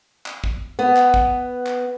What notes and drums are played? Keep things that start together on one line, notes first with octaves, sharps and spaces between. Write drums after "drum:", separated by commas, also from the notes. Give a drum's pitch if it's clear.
drum: clap
drum: kick
B3
drum: clap
drum: kick
drum: clap